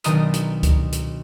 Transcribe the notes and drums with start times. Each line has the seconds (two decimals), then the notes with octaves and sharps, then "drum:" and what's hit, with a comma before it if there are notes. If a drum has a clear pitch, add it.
0.04 B1 D#3 D4 A#5 D#6 D#7, drum: hi-hat
0.34 drum: hi-hat
0.63 drum: kick C#2, hi-hat
0.92 drum: hi-hat